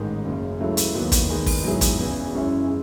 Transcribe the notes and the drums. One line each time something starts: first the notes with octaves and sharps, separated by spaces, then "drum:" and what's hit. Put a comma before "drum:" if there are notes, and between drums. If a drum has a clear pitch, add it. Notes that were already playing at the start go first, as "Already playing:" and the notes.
Already playing: A1 G#2 D#3
F#1 F#2 C#3
C#2 C#3 F#3 A3 E4
drum: hi-hat
D#2 D#3 F#3 B3
drum: kick, hi-hat
E2 D#3 G#3 B3
drum: kick, open hi-hat
G#2 F#3 B3 E4 G#4
drum: kick, hi-hat
E1 E2 C#3 E3
F#2 C#3 G#3 C#4 E4
G#3